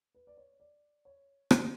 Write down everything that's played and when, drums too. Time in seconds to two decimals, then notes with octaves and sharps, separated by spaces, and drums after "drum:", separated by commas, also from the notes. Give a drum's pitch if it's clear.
0.15 B4
0.27 D5
0.37 C#5
0.60 D5
1.05 C#5
1.51 drum: rim click